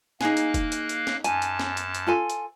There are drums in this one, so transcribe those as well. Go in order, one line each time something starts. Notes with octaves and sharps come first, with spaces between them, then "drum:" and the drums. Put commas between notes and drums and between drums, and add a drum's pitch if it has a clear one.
A#3 D#4 G#4 F5 F#6, drum: snare
drum: hi-hat
drum: kick, hi-hat
drum: hi-hat
drum: hi-hat
drum: snare
F#2 G#5 A5, drum: hi-hat
drum: hi-hat
drum: snare
drum: hi-hat
drum: hi-hat
F4 A4 G#5
drum: hi-hat